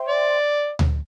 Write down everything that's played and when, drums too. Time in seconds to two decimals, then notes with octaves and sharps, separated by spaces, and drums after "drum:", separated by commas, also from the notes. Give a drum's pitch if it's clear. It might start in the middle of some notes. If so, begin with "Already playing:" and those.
Already playing: C5 E5 G5 C6
0.08 D5
0.79 drum: tom D2